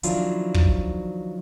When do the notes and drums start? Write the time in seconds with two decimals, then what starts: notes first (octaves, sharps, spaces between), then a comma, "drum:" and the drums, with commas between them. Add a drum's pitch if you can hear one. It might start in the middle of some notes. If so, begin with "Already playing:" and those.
0.03 D#3 F3 F#3 D4 E4 F4, drum: hi-hat
0.54 drum: kick